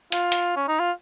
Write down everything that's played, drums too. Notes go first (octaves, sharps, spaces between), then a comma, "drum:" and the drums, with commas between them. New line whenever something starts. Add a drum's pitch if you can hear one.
F4, drum: hi-hat
drum: hi-hat
C#4
D#4
F4